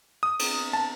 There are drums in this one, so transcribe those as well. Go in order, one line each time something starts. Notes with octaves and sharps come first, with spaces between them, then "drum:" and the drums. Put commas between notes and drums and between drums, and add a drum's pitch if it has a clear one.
D#6
drum: cymbal
A5